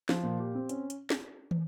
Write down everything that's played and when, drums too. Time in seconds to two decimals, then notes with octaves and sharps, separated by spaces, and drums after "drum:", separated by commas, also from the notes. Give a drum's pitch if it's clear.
0.09 F3, drum: snare
0.23 A#2
0.40 G4
0.55 C4
0.69 C#4, drum: hi-hat
0.90 drum: hi-hat
1.10 drum: snare
1.51 drum: tom